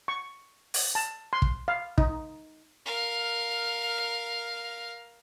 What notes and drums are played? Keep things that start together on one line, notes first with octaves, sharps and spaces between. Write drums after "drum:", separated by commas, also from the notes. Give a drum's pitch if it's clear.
C#6
drum: open hi-hat
A5
C6
drum: kick
F5
D#4, drum: kick
A#4 F5